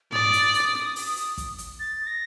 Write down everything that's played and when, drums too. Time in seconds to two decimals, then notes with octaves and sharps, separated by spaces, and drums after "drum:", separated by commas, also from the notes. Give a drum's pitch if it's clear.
0.12 D5 D#6, drum: tom
0.33 drum: hi-hat
0.54 drum: hi-hat
0.75 drum: snare
0.96 drum: open hi-hat
1.17 drum: hi-hat
1.38 drum: kick, hi-hat
1.58 drum: hi-hat
1.79 A6
2.07 A#6